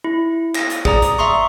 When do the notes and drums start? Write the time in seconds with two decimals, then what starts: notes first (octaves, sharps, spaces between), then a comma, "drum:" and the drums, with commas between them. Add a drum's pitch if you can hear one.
0.04 E4
0.55 A#6, drum: clap
0.70 drum: hi-hat
0.85 G#4 D5 A#5 D#6, drum: kick G#1
1.02 drum: hi-hat
1.18 E5 A#5 C6 C#6